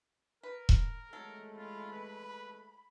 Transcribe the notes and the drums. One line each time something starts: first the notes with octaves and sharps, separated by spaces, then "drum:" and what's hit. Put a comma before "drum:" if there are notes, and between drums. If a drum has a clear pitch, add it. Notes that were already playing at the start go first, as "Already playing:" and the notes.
A#4 B4
drum: kick E1
F#3 G#3 A3 A4
F4 B5
B4